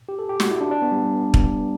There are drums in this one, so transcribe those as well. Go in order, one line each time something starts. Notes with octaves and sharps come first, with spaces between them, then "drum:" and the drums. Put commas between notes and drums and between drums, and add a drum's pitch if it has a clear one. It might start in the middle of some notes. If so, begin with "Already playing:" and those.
G4
A4
G4
F#4, drum: snare
E4
D4
D4
B3
G3
drum: kick